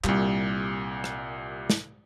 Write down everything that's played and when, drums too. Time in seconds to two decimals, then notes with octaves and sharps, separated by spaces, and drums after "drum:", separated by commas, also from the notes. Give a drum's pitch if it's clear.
0.04 C2 A#2 G3 G4, drum: clap
1.04 drum: rim click
1.70 drum: snare